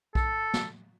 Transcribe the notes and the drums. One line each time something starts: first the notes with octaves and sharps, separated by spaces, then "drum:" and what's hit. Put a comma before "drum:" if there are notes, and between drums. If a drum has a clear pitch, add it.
A4, drum: kick B1
drum: snare